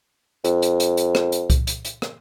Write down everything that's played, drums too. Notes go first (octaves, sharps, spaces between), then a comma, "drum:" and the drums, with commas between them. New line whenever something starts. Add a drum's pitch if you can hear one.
F2, drum: hi-hat
drum: hi-hat
drum: hi-hat
drum: hi-hat
drum: rim click
drum: hi-hat
drum: kick C2, hi-hat
drum: hi-hat
drum: hi-hat
drum: rim click